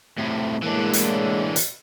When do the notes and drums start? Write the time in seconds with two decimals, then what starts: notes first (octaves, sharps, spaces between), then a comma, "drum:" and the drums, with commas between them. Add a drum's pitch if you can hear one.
0.18 A2 C3
0.62 A2 E3 G#3 A#3 D4
0.93 drum: hi-hat
1.56 drum: hi-hat